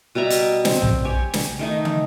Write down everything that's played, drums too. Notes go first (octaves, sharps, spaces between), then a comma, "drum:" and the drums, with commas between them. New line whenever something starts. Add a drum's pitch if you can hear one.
B2 G3 E5 A#5
drum: hi-hat
C4, drum: snare
drum: tom B1
G4 C#5 G#5
drum: snare
D#3 A3 D#4
drum: tom